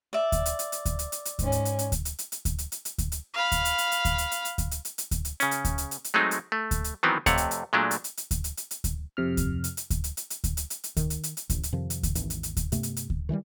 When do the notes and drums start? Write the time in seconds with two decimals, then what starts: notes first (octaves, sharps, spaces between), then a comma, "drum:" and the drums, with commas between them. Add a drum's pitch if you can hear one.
0.13 D5 E5
0.32 drum: kick D2, hi-hat
0.46 drum: hi-hat
0.59 drum: hi-hat
0.72 drum: hi-hat
0.85 drum: kick D2, hi-hat
0.99 drum: hi-hat
1.12 drum: hi-hat
1.25 drum: hi-hat
1.39 G#2 C#4, drum: kick D2, hi-hat
1.52 drum: hi-hat
1.65 drum: hi-hat
1.79 drum: hi-hat
1.92 drum: kick D2, hi-hat
2.05 drum: hi-hat
2.19 drum: hi-hat
2.32 drum: hi-hat
2.45 drum: kick D2, hi-hat
2.58 drum: hi-hat
2.72 drum: hi-hat
2.85 drum: hi-hat
2.98 drum: kick D2, hi-hat
3.12 drum: hi-hat
3.33 F5 B5
3.52 drum: kick D2, hi-hat
3.65 drum: hi-hat
3.78 drum: hi-hat
3.92 drum: hi-hat
4.05 drum: kick D2, hi-hat
4.18 drum: hi-hat
4.31 drum: hi-hat
4.45 drum: hi-hat
4.58 drum: kick D2, hi-hat
4.71 drum: hi-hat
4.85 drum: hi-hat
4.98 drum: hi-hat
5.11 drum: kick D2, hi-hat
5.25 drum: hi-hat
5.40 C#3 C#4, drum: hi-hat
5.51 drum: hi-hat
5.65 drum: kick D2, hi-hat
5.78 drum: hi-hat
5.91 drum: hi-hat
6.04 drum: hi-hat
6.14 F#3 G#3 A3 C4 D#4
6.31 drum: hi-hat
6.52 A3
6.71 drum: kick D2, hi-hat
6.84 drum: hi-hat
7.03 D#3 E3 F#3 B3 C4
7.26 F2 C3 A3 C#5 F#5, drum: kick D2, hi-hat
7.38 drum: hi-hat
7.51 drum: hi-hat
7.73 A#2 F#3 G#3 A3 D4
7.91 drum: hi-hat
8.04 drum: hi-hat
8.17 drum: hi-hat
8.31 drum: kick D2, hi-hat
8.44 drum: hi-hat
8.57 drum: hi-hat
8.71 drum: hi-hat
8.84 drum: kick D2, hi-hat
9.17 F2 C3 F6
9.37 drum: kick D2, hi-hat
9.64 drum: hi-hat
9.77 drum: hi-hat
9.90 drum: kick D2, hi-hat
10.04 drum: hi-hat
10.17 drum: hi-hat
10.30 drum: hi-hat
10.44 drum: kick D2, hi-hat
10.57 drum: hi-hat
10.70 drum: hi-hat
10.84 drum: hi-hat
10.97 D#3, drum: kick D2, hi-hat
11.10 drum: hi-hat
11.23 drum: hi-hat
11.37 drum: hi-hat
11.50 A1, drum: kick D2, hi-hat
11.63 drum: hi-hat
11.72 F2 C3 D#3 F3
11.90 drum: hi-hat
12.03 drum: kick D2, hi-hat
12.15 G#1 D#2 E3, drum: hi-hat
12.30 drum: hi-hat
12.43 drum: hi-hat
12.57 drum: kick D2, hi-hat
12.72 G2 C3 A3 B3, drum: hi-hat
12.83 drum: hi-hat
12.96 drum: hi-hat
13.10 drum: kick D2
13.29 D#3 E3 F#3 G3